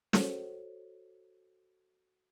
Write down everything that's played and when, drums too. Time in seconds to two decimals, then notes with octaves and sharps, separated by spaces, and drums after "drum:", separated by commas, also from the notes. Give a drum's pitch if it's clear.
0.13 F#4 A4 C5 C#5, drum: snare